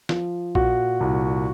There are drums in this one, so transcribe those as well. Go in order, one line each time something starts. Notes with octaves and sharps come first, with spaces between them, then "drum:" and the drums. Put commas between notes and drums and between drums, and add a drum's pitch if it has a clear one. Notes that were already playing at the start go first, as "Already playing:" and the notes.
F3, drum: snare
A#2 F#4, drum: kick A#1
C2